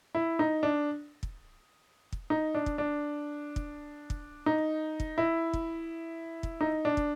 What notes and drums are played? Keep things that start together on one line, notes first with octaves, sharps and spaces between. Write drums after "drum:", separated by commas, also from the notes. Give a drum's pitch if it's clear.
E4
D#4
D4
drum: kick
drum: kick
D#4
D4
drum: kick
D4
drum: kick
drum: kick
D#4
drum: kick
E4
drum: kick
drum: kick
D#4
D4
drum: kick